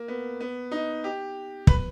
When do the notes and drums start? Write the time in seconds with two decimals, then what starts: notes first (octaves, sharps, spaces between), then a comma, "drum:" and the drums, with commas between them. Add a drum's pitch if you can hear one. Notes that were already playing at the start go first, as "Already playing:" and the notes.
Already playing: A#3
0.08 B3
0.40 B3
0.71 D#4
1.04 G4
1.67 B4, drum: kick